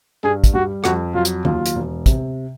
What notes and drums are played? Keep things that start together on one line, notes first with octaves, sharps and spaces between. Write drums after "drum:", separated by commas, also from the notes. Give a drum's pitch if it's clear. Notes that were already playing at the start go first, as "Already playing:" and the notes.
G2 G#4
drum: kick, hi-hat
G3 F#4
F2 F#4, drum: rim click
F#3 F4
drum: hi-hat
D#2 F4, drum: tom D#3
drum: hi-hat
E1
C3, drum: kick, hi-hat